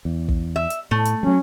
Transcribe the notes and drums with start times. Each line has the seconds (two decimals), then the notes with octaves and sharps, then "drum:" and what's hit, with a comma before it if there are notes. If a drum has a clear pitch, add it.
0.05 E2
0.29 drum: kick
0.56 E5
0.70 drum: hi-hat
0.91 A2 A3
1.05 drum: hi-hat
1.23 F#3 G3 C#4